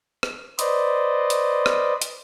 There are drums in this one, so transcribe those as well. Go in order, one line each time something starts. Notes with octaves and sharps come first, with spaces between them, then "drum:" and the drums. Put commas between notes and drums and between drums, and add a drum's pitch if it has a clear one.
drum: rim click
B4 C5 D5 D#5, drum: hi-hat
drum: hi-hat
drum: rim click
drum: hi-hat